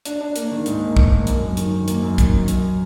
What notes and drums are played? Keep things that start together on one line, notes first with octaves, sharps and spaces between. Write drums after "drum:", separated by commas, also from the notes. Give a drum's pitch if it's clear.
D4, drum: hi-hat
D4
A#3, drum: hi-hat
D#3
G#2, drum: hi-hat
A#3
D#3, drum: kick
A#3
F#2, drum: hi-hat
F#2
D#3, drum: hi-hat
D#3
A#3, drum: hi-hat
F#2
D#3, drum: kick, hi-hat
F#2
F#2, drum: hi-hat